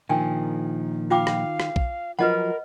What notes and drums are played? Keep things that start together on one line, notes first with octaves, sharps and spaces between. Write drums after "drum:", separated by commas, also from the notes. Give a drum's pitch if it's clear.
A#2 D#3 F3 G5 G#5
F4 F5 G5 D6
drum: rim click
drum: rim click
drum: kick A#1
F3 F#3 F4 A#4 B4 D#5 F#5 B5